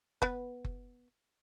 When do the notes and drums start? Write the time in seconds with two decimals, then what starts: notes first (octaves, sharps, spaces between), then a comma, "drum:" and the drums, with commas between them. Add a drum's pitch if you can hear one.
0.22 B3 B4, drum: kick F#1
0.64 drum: kick F#1